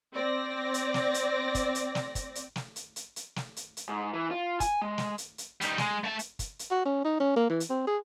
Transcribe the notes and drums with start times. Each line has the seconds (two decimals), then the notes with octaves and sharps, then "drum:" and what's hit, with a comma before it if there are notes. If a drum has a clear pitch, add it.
0.13 C4 D5 A#6
0.74 drum: hi-hat
0.94 drum: snare
1.14 drum: hi-hat
1.55 drum: kick, hi-hat
1.75 drum: hi-hat
1.95 drum: snare
2.15 drum: kick, hi-hat
2.35 drum: hi-hat
2.56 drum: snare
2.76 drum: hi-hat
2.96 drum: hi-hat
3.16 drum: hi-hat
3.36 drum: snare
3.56 drum: hi-hat
3.77 drum: hi-hat
3.89 G#2
4.14 E3
4.31 F4
4.60 G#5, drum: kick, hi-hat
4.82 G#3
4.98 drum: snare
5.18 drum: hi-hat
5.38 drum: hi-hat
5.61 G3 D#4, drum: hi-hat
5.78 G#3, drum: snare
6.04 A3 A5
6.19 drum: hi-hat
6.39 drum: kick, hi-hat
6.59 drum: hi-hat
6.71 F#4
6.85 C#4
7.05 D#4
7.20 C#4
7.36 A#3
7.50 E3
7.60 drum: hi-hat
7.70 C4
7.87 G#4